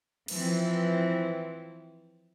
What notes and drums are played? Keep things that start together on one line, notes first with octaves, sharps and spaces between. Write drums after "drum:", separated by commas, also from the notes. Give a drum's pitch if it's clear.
E3 F3 C4, drum: cymbal